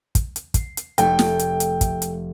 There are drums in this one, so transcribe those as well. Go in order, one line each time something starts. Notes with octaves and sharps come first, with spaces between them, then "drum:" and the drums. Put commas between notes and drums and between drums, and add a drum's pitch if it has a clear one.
drum: kick, hi-hat
drum: hi-hat
C7, drum: kick, hi-hat
drum: hi-hat
F1 A3 G5, drum: hi-hat
drum: snare
drum: hi-hat
drum: hi-hat
drum: kick, hi-hat
drum: hi-hat